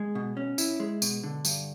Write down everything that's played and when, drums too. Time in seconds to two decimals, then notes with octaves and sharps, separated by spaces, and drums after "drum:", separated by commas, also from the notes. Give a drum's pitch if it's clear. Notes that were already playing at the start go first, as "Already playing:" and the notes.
Already playing: G#3
0.15 B2
0.37 C#4
0.58 E4, drum: tambourine
0.80 G#3
1.02 B2, drum: tambourine
1.23 D3
1.45 G2, drum: tambourine